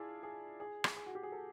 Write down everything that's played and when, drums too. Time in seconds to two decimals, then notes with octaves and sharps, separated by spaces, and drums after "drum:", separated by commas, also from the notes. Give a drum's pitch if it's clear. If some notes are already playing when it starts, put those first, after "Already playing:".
Already playing: D4 E4 F4 G#4
0.23 G#4
0.60 G#4
0.84 drum: rim click
0.96 G#4
1.06 F#4
1.15 G4
1.23 G#4
1.32 A4